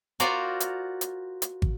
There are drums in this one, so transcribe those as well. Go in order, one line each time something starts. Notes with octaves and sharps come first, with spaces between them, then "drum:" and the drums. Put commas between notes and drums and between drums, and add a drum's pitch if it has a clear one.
F4 F#4 A#4 C5 D5, drum: hi-hat
drum: hi-hat
drum: hi-hat
drum: hi-hat
drum: kick